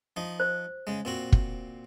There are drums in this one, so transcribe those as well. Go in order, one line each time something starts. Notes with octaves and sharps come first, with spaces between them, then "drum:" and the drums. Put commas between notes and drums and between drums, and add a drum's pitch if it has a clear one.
F3 D#4
C5
C#3 G#3
A#2 C4 F#4
drum: kick